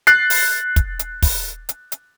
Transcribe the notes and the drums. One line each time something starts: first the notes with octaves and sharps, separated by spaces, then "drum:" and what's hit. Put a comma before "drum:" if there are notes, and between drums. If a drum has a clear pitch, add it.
F#6 A6 C7, drum: hi-hat
drum: open hi-hat
drum: kick, hi-hat
drum: hi-hat
drum: kick, open hi-hat
drum: hi-hat
drum: hi-hat